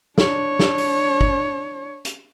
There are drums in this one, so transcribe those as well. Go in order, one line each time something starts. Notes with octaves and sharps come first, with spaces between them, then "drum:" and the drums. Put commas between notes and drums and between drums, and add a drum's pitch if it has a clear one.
D4 C#5, drum: snare
drum: snare
drum: open hi-hat
drum: kick
drum: hi-hat